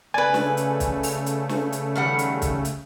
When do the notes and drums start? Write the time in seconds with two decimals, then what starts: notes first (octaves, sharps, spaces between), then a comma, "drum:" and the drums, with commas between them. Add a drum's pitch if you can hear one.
0.14 C#3 A3 B4 D5 G#5
0.34 drum: snare
0.57 drum: hi-hat
0.80 drum: kick, hi-hat
1.03 drum: open hi-hat
1.26 drum: hi-hat
1.49 drum: snare
1.72 drum: hi-hat
1.96 D#3 G3 F#5
2.19 drum: hi-hat
2.42 drum: kick, hi-hat
2.65 drum: hi-hat